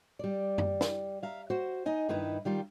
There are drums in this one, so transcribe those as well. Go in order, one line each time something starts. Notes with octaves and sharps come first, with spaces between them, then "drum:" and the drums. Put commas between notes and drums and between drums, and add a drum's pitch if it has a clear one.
G3 D5
drum: tom F#2
drum: snare
E5 F5 A#5
F#4 C5
D#4 D#5 G#5
G2 D#3 D#4 E4 B4
D#3 G3 F4